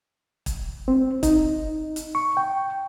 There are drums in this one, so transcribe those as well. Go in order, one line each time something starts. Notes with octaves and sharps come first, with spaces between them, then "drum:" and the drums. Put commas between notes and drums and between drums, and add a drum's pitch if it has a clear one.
drum: kick, hi-hat
C4
D#4, drum: kick, hi-hat
drum: hi-hat
C#6
G5